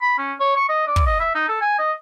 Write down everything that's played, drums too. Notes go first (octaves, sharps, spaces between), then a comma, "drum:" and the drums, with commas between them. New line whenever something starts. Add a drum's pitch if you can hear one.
B5
C#4
C#5
C#6
D#5
D5
drum: kick
D#5
E5
D#4
A4
G#5
D#5